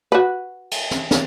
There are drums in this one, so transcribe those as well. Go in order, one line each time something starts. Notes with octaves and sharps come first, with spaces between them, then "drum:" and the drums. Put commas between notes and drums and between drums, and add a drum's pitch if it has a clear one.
F#4 B4
drum: cymbal
drum: snare
drum: snare